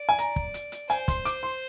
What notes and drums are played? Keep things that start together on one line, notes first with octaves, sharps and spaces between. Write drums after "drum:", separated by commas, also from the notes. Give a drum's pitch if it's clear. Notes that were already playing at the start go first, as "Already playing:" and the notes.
Already playing: D5
G#5
A#5, drum: hi-hat
drum: kick
drum: hi-hat
drum: hi-hat
C5 G#5, drum: hi-hat
C6, drum: kick, hi-hat
D6, drum: hi-hat
C6